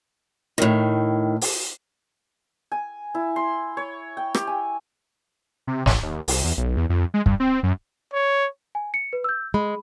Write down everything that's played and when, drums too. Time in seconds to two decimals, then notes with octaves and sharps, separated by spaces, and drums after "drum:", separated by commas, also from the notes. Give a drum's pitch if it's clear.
0.58 A2 D#3
1.41 drum: open hi-hat
2.72 G#5
3.15 E4
3.36 C6
3.77 C#5
4.17 G5
4.35 G4, drum: rim click
4.47 G#5
5.67 C3
5.86 A1, drum: snare
6.03 D#2
6.28 C2, drum: open hi-hat
6.44 E2
6.57 B1
6.77 E2
6.89 F2
7.14 G#3
7.26 G2, drum: kick
7.40 C4
7.63 F#2
8.13 C#5
8.75 G#5
8.94 C#7
9.13 B4
9.24 E6 G6
9.54 G#3 B5